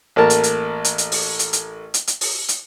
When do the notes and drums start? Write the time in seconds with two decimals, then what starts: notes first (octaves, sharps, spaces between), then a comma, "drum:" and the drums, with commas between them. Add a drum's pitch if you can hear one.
0.16 A1 A#3 A#4 A5
0.30 drum: hi-hat
0.43 drum: hi-hat
0.84 drum: hi-hat
0.98 drum: hi-hat
1.12 drum: open hi-hat
1.39 drum: hi-hat
1.53 drum: hi-hat
1.94 drum: hi-hat
2.07 drum: hi-hat
2.21 drum: open hi-hat
2.48 drum: hi-hat